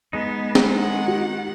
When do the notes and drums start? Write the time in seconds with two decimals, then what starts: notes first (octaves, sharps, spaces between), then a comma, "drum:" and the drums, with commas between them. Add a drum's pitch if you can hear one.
0.13 G#3 B3 D#4
0.55 drum: snare
0.74 D#3 F#5
1.08 G4